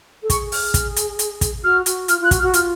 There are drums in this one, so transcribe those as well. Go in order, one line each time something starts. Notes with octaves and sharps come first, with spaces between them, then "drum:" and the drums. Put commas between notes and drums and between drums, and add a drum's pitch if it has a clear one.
A4
G#4 C#6, drum: kick, hi-hat
F6, drum: open hi-hat
drum: kick, hi-hat
drum: hi-hat
drum: hi-hat
drum: kick, hi-hat
F#4 F6
F#4, drum: hi-hat
F4 F6, drum: hi-hat
F4 F#6
F#4, drum: kick, hi-hat
F6
F#4
F4 F6, drum: hi-hat